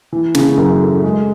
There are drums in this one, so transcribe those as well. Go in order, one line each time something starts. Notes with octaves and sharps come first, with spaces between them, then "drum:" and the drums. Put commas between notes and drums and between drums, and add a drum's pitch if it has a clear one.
E3
C#3, drum: snare
F#2
A3
G#3